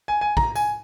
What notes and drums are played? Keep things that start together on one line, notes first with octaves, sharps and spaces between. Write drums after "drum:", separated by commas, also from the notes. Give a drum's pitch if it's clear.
G#5
G#5
A#5, drum: kick
G#5, drum: tambourine